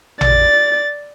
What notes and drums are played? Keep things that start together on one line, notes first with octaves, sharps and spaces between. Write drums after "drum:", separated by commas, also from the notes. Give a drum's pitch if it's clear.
D5 A6, drum: tom A1